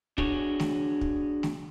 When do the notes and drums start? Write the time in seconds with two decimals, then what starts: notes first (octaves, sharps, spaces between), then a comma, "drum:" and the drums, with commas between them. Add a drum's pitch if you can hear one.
0.18 D4 F#4 G#4 C#5, drum: kick
0.60 drum: snare A3
1.01 drum: kick
1.43 drum: snare A3